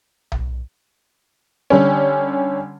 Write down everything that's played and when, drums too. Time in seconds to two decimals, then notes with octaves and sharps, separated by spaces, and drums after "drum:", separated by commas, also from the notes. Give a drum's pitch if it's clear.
0.32 drum: tom B1
1.70 D3 G3 C#4